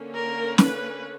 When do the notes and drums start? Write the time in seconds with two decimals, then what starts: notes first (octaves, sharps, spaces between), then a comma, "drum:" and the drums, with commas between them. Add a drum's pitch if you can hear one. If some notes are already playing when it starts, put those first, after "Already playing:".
Already playing: D3 A#3 C#4
0.14 A#4
0.58 B4, drum: snare